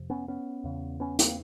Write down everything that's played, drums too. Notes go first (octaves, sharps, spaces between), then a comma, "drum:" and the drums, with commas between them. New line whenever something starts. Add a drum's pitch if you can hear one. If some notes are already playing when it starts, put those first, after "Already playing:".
Already playing: F2 C3
B3 C#4
B3 C#4
E2 C#3
B3 C#4
A#3 C4, drum: hi-hat